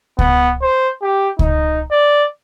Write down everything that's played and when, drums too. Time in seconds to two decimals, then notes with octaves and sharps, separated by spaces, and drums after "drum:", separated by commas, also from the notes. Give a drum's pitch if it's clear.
0.19 B3, drum: kick C#2
0.62 C5
1.02 G4
1.39 D#4, drum: kick C#2
1.91 D5